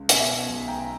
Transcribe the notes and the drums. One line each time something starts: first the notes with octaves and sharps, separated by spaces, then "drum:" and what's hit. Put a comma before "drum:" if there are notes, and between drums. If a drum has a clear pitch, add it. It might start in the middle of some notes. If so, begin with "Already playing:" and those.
Already playing: C#2
B2 E5 G#5, drum: hi-hat
B2
B1
B2 G5 A#5